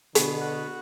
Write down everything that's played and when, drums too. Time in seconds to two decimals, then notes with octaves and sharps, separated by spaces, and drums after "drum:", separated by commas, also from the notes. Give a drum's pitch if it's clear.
0.15 B2 D3 B3, drum: hi-hat
0.41 F#4